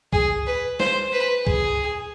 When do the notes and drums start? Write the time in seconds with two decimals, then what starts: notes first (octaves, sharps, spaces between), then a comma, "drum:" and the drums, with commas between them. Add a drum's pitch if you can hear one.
0.13 G#4, drum: kick C#2
0.47 B4
0.80 C5, drum: snare
1.13 B4
1.47 G#4, drum: kick C#2